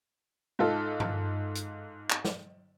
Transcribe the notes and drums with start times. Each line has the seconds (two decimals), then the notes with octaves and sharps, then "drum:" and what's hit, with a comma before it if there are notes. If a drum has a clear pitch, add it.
0.59 G#2 F4 A4
1.00 drum: tom G2
1.55 drum: hi-hat
2.10 drum: clap
2.25 drum: snare